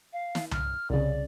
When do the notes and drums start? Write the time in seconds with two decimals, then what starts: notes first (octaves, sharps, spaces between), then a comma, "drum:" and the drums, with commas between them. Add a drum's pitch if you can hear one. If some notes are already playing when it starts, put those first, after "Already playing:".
0.12 F5
0.35 drum: snare
0.51 F6, drum: tom C2
0.90 C2 C#3 D5